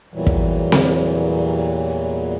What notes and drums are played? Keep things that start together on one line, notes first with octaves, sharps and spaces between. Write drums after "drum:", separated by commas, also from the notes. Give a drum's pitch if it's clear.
E2 A#2 E3 F#3 G3
drum: kick
drum: snare C4